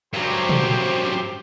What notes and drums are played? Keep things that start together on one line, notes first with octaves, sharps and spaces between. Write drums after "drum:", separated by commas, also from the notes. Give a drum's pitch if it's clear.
G2 F#3 G4 C5
drum: tom